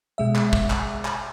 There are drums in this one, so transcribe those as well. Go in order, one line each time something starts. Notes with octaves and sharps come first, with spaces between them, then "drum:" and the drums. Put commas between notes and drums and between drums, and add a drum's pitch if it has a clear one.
B2 G#3 E5
drum: clap
drum: kick
drum: clap
drum: clap